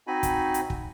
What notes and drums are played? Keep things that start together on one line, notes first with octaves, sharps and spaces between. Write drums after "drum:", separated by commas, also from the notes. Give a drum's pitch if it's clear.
C4 D#4 F#4 D#5 G#5 B5
drum: kick, hi-hat
drum: hi-hat
drum: kick